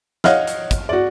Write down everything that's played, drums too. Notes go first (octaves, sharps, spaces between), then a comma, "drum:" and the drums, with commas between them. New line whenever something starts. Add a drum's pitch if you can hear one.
C#5 D#5 F5 F#5 F6 F#6, drum: snare
drum: hi-hat
drum: kick, hi-hat
F#4 D5